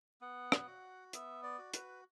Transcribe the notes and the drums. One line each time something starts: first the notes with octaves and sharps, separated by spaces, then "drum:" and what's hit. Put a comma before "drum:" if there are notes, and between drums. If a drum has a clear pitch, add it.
B3 F#5
drum: rim click
F#4
B3 E5, drum: hi-hat
D5
F#4
B4, drum: hi-hat